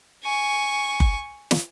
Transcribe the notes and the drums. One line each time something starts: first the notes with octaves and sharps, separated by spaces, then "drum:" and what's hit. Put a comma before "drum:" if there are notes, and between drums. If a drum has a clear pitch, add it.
G#5 C#6
drum: kick F#1
drum: snare